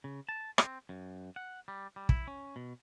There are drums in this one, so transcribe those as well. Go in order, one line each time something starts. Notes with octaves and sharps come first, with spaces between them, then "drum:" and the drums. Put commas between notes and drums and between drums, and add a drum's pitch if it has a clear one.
C#3
A5
C4, drum: rim click
F#2
F#5
G3
G3
E4, drum: kick
C#4
B2